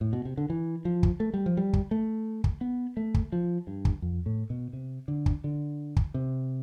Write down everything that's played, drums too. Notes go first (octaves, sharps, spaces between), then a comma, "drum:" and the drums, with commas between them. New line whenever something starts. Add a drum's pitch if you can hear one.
A2
B2
C3
D3
E3
F3
drum: kick
A3
G3
F3
G3
drum: kick
A3
drum: kick
B3
A3
drum: kick
F3
G2
drum: kick
F2
A2
B2
C3
D3
drum: kick
D3
drum: kick
C3